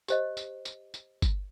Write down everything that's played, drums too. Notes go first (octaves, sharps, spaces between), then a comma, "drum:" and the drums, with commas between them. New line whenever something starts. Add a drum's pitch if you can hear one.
G4 C5 D#5, drum: tambourine
drum: tambourine
drum: tambourine
drum: tambourine
drum: kick G1, tambourine